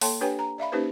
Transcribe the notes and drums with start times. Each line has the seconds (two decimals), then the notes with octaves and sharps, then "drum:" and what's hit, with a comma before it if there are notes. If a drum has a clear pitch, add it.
0.01 A#3 A4 C#5 G5 A5 C6, drum: open hi-hat
0.21 D4 G4 B4 C#5 G5 G#5
0.39 A#5
0.58 D5 E5 F5 B5
0.72 A#3 C#4 D#4 G4 B4 C5